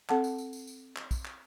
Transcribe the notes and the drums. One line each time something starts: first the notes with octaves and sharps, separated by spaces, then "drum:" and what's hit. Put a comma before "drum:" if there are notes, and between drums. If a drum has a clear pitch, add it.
C4 A4 F#5 A5, drum: clap
drum: tambourine
drum: tambourine
drum: tambourine
drum: tambourine
drum: clap
drum: kick, tambourine
drum: clap